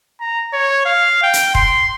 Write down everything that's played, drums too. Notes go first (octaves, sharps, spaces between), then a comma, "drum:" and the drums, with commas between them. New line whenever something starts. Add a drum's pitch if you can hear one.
A#5
C#5
F5
G5
drum: hi-hat
C6, drum: kick